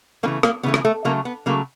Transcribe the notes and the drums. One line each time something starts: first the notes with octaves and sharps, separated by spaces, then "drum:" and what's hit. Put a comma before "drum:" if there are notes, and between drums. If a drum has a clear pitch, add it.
C#3 E3 A3 A#3
A#3, drum: rim click
C#3 E3 A3 B3
drum: rim click
A3
C#3 F#3 A3 A#3
B3
C#3 F#3 A3 A#3